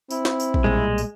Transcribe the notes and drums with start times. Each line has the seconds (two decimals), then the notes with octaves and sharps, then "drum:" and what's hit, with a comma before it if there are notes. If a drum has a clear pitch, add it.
0.10 C4 E4, drum: tambourine
0.25 drum: snare
0.40 drum: tambourine
0.54 drum: kick A#1
0.64 B1 A#2 G3 G#3
0.98 drum: tambourine